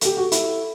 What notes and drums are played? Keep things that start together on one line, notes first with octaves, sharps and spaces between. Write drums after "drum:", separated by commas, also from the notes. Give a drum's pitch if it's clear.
G4 A4, drum: hi-hat
F#4
E4, drum: hi-hat